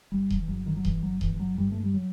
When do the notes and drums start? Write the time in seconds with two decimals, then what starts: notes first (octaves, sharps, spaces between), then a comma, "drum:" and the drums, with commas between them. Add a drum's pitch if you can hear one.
0.12 G1 G3
0.30 F#3, drum: kick D#1
0.40 E3
0.48 G1 F#3
0.66 D#3
0.77 F#3
0.85 G1 E3, drum: kick D#1
1.03 F#3
1.21 G2 E3, drum: kick D#1
1.34 E3
1.40 F#3
1.58 G2 G3
1.72 A3
1.83 G3
1.94 F#3